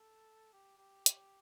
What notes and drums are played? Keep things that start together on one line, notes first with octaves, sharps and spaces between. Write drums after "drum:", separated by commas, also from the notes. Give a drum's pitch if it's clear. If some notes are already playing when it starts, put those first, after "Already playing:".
Already playing: A4
G4
G4
drum: hi-hat